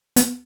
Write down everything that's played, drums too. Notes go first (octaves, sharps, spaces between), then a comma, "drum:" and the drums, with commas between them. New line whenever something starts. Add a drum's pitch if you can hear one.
B3, drum: hi-hat